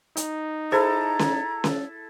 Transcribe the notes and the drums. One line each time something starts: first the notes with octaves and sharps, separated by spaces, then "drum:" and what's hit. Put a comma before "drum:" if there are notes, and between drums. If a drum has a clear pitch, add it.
D#4, drum: hi-hat
E4 G#4 A4 C5 A#5
drum: snare C#4
drum: snare C#4